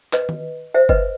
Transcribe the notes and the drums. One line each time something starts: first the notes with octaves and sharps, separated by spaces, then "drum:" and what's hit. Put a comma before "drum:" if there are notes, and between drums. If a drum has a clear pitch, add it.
B4 D#5, drum: clap
drum: tom D#3
C5 E5
B4 D#5, drum: kick F#1